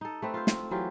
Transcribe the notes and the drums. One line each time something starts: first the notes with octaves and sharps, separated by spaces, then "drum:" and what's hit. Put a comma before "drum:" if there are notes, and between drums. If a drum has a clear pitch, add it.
D#4 A4
A3 C4 B4
F4 C5
C4, drum: snare
E3 F#3 F4 G4